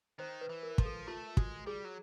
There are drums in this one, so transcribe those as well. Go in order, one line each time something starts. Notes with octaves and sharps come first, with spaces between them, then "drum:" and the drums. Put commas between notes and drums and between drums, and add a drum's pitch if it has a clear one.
D#3 C5
B4
E3
A#4
F3, drum: kick
A4
A3 F4
G#3 F#4, drum: kick
G3 G#4
F#3